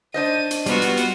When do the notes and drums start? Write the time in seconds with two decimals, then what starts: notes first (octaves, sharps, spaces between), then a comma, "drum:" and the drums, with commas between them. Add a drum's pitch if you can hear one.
0.14 D4 C5 D#5 D#7
0.51 drum: hi-hat
0.66 G3 B3 F4 F#4, drum: hi-hat
0.82 drum: hi-hat
0.97 drum: hi-hat